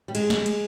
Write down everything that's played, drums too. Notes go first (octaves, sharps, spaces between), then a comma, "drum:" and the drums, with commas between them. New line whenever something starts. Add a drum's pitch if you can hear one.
G3
G#3, drum: cymbal
drum: snare
drum: cymbal